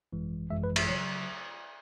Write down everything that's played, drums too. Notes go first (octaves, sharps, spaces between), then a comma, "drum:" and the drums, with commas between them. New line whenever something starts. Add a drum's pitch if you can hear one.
G#1 F#2 E3 G#3
G#1 F#2 E3 G#3 E5
B4
E5, drum: cymbal
C#3 F#3 C#5